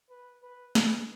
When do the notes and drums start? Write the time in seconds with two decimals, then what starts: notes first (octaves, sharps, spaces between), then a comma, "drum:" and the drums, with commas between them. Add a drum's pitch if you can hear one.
0.10 B4
0.42 B4
0.75 B4, drum: snare